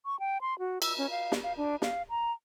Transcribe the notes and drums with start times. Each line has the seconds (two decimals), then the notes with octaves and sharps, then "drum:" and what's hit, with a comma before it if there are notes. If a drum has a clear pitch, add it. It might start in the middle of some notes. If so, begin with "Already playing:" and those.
0.05 C#6
0.20 G5
0.41 C6
0.59 F#4
0.82 E6, drum: cymbal
0.98 C#4
1.11 F5
1.32 drum: snare
1.43 F5
1.57 D4
1.82 F5, drum: snare
2.09 A#5